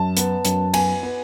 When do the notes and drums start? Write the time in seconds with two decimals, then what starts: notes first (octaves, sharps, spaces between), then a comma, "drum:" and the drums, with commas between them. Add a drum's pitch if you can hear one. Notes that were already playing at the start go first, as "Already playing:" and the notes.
Already playing: F#2 A5
0.17 B3, drum: hi-hat
0.45 F#2, drum: hi-hat
0.74 B3 G#5, drum: cymbal
1.03 B3